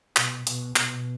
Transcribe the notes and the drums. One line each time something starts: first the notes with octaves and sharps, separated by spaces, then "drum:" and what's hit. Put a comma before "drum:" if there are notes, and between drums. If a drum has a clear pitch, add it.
B2, drum: clap
B2, drum: hi-hat
B2, drum: clap